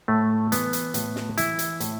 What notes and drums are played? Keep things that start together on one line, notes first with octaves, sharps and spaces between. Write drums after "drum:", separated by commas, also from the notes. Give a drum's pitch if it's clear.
A2 A3
E3 B3, drum: hi-hat
drum: hi-hat
A2, drum: hi-hat
drum: snare
E3 E4, drum: hi-hat
drum: hi-hat
A2, drum: hi-hat